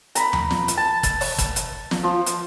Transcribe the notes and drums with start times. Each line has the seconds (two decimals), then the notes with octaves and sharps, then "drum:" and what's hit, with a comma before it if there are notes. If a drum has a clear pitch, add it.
0.15 A#5 B5, drum: hi-hat
0.33 drum: tom D#2
0.50 drum: snare
0.68 drum: hi-hat
0.77 A5
1.03 drum: kick, hi-hat
1.21 drum: open hi-hat
1.38 drum: kick, hi-hat
1.56 drum: hi-hat
1.91 drum: snare
2.04 F3
2.26 drum: hi-hat